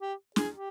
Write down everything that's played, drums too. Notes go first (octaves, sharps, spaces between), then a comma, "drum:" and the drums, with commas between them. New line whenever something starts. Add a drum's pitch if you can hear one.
G4
G#4, drum: snare
G4